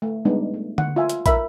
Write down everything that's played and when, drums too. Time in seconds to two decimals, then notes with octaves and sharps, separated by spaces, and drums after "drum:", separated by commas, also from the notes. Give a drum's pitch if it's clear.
0.02 A3
0.25 G3 G#3 B3 D4 D#4
0.54 A3
0.78 F#5, drum: tom D3
0.96 F4 E5 G#5
1.09 drum: hi-hat
1.26 A#4 E5 B5, drum: kick, hi-hat